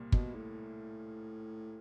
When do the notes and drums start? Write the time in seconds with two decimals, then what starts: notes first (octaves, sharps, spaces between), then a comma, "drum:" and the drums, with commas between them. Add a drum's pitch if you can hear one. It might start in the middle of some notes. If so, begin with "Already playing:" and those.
Already playing: C2 A#2 G3 A#3
0.12 B2, drum: kick
0.35 A2